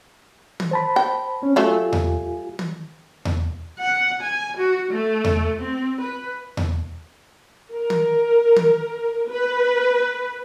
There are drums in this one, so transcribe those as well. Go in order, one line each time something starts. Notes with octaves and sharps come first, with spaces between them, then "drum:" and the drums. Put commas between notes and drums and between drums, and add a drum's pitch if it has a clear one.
drum: tom
C5 A5 B5
G5
C4 C#4
F#3 A3 F4 G4 G#5
drum: tom E2
drum: tom
drum: tom E2
F#5
G#5
F#4
A3
drum: tom E2
C4
B4
drum: tom E2
A#4
drum: tom
drum: tom
B4